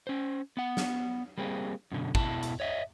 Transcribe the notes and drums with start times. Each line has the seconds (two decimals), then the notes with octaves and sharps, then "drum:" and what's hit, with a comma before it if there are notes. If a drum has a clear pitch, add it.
0.07 C#4 C5
0.57 B3 F#5
0.77 drum: snare
1.38 G3 A#3 C4 G#4
1.92 F#2 B2 D3
2.15 B2 E4 A5, drum: kick
2.43 drum: hi-hat
2.60 C#5 D#5 E5